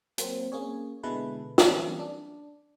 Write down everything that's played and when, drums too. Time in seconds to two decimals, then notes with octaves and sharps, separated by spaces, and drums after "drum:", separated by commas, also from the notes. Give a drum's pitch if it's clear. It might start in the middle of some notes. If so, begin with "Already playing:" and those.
0.18 F#3 A#3 C4, drum: hi-hat
0.52 A#3 C#4 G#4 C#5
1.03 B2 D3 G#3 E4 A4 B4
1.58 E3 F#3 G3 A#3 C4 C#4, drum: snare
1.99 D4